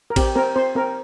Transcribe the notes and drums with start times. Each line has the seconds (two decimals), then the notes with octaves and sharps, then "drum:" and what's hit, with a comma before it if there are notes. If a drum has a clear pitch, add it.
0.10 A#4
0.16 C4 G4, drum: kick, cymbal
0.36 C4 A#4
0.56 C4 C5
0.75 C4 A#4